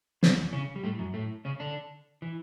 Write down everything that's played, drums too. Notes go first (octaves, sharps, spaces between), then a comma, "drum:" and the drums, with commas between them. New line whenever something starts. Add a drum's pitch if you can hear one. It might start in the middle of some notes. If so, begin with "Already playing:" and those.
C#3, drum: snare
E2 E3
C#3 C#4
G3
A2 A3
F#2 F#3
A2 A3
C#3 C#4
D3 D4
E3